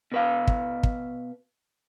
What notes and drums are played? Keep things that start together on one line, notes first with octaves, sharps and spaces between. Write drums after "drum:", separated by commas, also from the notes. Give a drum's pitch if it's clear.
B2 B4 F5
drum: kick
drum: kick